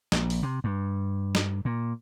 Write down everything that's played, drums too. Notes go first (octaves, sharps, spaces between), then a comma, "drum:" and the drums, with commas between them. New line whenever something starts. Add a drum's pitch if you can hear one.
A#1, drum: snare
drum: open hi-hat
C3
G2
drum: snare
A#2